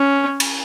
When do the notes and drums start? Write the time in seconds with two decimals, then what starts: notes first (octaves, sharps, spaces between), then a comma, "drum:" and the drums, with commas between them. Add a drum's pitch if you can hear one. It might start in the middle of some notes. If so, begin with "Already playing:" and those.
Already playing: C#4
0.40 drum: cymbal